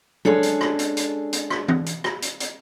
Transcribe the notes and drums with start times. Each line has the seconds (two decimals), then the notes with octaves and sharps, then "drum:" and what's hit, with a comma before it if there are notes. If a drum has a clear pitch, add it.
0.25 G#3 C#4 D4 G#4 A4, drum: tom F#3
0.43 drum: hi-hat
0.61 drum: rim click
0.79 drum: hi-hat
0.97 drum: hi-hat
1.33 drum: hi-hat
1.50 drum: rim click
1.68 drum: tom E3
1.86 drum: hi-hat
2.04 drum: rim click
2.22 drum: hi-hat
2.40 drum: hi-hat